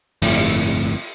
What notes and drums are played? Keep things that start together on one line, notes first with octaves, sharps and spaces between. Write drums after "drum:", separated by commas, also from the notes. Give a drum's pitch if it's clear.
G1 F2 A2, drum: open hi-hat